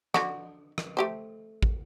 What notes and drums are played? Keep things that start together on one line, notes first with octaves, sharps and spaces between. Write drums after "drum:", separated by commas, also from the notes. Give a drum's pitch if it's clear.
D3 F#4, drum: rim click
drum: rim click
A3 G4 C5
drum: kick